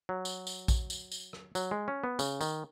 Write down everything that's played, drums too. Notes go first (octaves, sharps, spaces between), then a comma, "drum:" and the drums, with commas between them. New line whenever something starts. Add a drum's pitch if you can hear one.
F#3
drum: tambourine
drum: tambourine
drum: kick A#1, tambourine
drum: tambourine
drum: tambourine
drum: rim click
F#3, drum: tambourine
G#3
C#4
B3
C#3, drum: tambourine
D#3, drum: tambourine